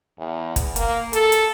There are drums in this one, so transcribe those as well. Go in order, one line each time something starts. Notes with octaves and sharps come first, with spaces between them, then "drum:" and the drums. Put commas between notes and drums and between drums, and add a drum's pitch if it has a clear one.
E2
drum: kick, hi-hat
A#3, drum: hi-hat
A4, drum: hi-hat
drum: hi-hat